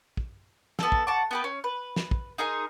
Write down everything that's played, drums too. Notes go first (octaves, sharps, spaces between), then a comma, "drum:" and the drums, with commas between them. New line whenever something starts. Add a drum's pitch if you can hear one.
drum: kick
B3 A4, drum: snare
drum: kick
F#5 A5 C#6 D6
B3 G4 B4
C#4
B4
drum: snare
drum: kick
D#4 G#4 A#4 C6